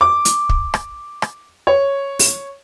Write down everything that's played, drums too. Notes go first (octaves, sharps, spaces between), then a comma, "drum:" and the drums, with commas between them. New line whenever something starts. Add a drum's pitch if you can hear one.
D6
drum: hi-hat
drum: kick
drum: rim click
drum: rim click
C#5
drum: open hi-hat